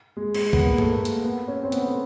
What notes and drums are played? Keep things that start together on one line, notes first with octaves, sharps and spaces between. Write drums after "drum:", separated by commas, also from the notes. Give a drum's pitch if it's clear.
G#3
G#3, drum: cymbal
B3, drum: kick
A#3
A3, drum: tom G2
A#3
drum: hi-hat
B3
C#4
C4
B3, drum: hi-hat
A3